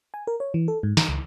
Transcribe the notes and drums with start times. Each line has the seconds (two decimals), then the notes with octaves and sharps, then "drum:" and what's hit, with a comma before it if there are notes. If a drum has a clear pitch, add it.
0.14 G#5
0.27 A#4
0.40 C#5
0.54 E3
0.68 A4
0.83 G#2
0.97 A#5, drum: snare
1.09 C#2